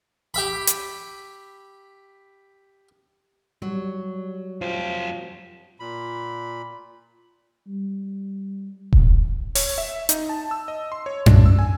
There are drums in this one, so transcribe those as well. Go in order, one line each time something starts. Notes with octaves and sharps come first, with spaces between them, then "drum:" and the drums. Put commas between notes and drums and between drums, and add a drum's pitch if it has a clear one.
G4 E5 B5
drum: hi-hat
F#3 G3
F2 F3 F4 G4
A#2 B5
G3
drum: kick D#1
C#5, drum: open hi-hat
E5
D#4, drum: hi-hat
A5
E6
D#5
C6
C#5
D4, drum: tom F#2
E6
G#5